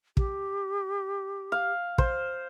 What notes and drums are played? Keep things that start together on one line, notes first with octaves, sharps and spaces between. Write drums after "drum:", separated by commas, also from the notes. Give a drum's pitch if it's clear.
G4, drum: kick
F5
C5, drum: kick